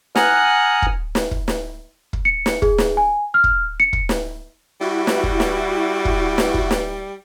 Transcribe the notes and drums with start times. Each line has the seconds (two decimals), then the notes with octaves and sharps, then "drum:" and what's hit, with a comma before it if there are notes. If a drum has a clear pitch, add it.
0.16 F#5 G#5 A#5 D#6 F6 F#6, drum: snare
0.82 drum: kick
1.15 drum: snare
1.31 drum: kick
1.48 drum: snare
2.13 drum: kick
2.25 C#7
2.46 drum: snare
2.62 G#4, drum: kick
2.78 drum: snare
2.97 G#5
3.34 F6
3.44 drum: kick
3.80 C#7
3.93 drum: kick
4.09 drum: snare
4.81 G3 E4 F#4
5.07 drum: snare
5.24 drum: kick
5.40 drum: snare
6.05 drum: kick
6.38 drum: snare
6.54 drum: kick
6.71 drum: snare